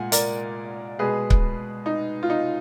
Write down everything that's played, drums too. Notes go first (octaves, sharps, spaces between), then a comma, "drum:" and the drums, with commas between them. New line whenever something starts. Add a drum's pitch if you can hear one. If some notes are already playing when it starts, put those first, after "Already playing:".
Already playing: A#2 G#3 F#5 G#5
A#4 D5, drum: hi-hat
B2 G#3 G#4 B4
drum: kick C#1
D#4
F4
D#4